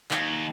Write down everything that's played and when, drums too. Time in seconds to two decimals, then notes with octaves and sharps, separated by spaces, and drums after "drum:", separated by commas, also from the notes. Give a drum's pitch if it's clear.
0.11 D#2, drum: clap